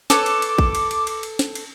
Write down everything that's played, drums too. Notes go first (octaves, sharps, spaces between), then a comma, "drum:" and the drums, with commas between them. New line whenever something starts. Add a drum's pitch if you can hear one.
A4 B4 C#5 D6, drum: snare
drum: cymbal
drum: cymbal
drum: kick A#1
drum: cymbal
drum: cymbal
drum: cymbal
drum: cymbal
drum: snare
drum: cymbal